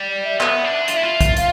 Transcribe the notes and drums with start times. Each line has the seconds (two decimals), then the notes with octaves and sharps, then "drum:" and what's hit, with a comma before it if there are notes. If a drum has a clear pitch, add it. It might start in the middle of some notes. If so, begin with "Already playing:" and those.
Already playing: G3
0.08 D5
0.24 E5
0.41 B3, drum: clap
0.64 D4
0.88 F4 E5, drum: hi-hat
0.96 E4
1.03 F4
1.21 drum: kick, hi-hat
1.37 F5, drum: hi-hat